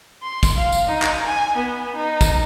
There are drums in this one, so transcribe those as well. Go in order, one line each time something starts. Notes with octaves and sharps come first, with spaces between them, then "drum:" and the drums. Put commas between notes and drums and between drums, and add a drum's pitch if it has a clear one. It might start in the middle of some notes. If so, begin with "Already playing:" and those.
C6
drum: kick, tambourine
F5
drum: tambourine
D#4
drum: clap
G#5
B3
D#4
drum: kick, tambourine